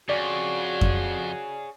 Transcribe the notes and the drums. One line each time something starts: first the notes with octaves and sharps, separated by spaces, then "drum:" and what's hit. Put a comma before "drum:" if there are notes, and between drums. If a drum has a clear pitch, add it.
F2 F#4 G#4 C#5 D5
drum: kick F2